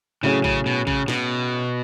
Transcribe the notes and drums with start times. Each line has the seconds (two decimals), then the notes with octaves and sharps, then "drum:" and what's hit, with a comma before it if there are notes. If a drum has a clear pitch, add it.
0.23 A2 C#3 F#3 C#4 G#4
0.44 C#3, drum: kick A1
0.66 B2
0.87 C#3, drum: kick A1
1.08 B2, drum: snare